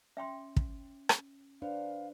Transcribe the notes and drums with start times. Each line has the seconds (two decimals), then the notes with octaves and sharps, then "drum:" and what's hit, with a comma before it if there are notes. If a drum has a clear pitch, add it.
0.17 C#4 E5 G5 C6
0.56 drum: kick
1.09 drum: rim click
1.62 D4 B4 C5 F5